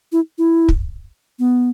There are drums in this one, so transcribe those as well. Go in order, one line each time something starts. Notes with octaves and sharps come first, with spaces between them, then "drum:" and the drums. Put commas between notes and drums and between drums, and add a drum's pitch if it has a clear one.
E4
E4
drum: kick
B3